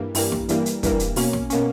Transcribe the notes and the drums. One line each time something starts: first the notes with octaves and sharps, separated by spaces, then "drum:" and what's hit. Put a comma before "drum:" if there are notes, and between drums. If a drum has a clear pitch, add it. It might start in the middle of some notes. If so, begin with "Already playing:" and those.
Already playing: G2 E3 G3 A#3
G2 E3 G3 A#3, drum: open hi-hat
drum: snare
G2 E3 G3 A#3, drum: hi-hat
drum: hi-hat
G2 E3 G3 A#3, drum: kick, hi-hat
drum: hi-hat
B2 A#3 C#4, drum: open hi-hat
drum: snare
B2 A#3 C#4, drum: hi-hat